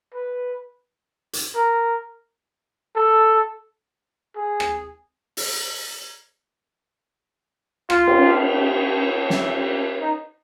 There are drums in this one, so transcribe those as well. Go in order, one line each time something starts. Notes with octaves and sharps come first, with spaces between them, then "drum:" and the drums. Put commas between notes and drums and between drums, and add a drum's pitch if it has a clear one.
B4
drum: hi-hat
A#4
A4
G#4
drum: rim click
drum: open hi-hat
F4, drum: rim click
drum: cymbal
E4, drum: snare
D#4